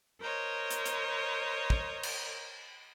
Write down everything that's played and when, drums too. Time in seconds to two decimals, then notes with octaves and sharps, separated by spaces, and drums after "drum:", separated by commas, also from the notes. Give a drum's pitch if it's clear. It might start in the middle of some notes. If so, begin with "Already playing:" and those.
0.20 A#4 C5 C#5 D#5
0.70 drum: hi-hat
0.86 drum: hi-hat
1.70 drum: kick
2.03 drum: cymbal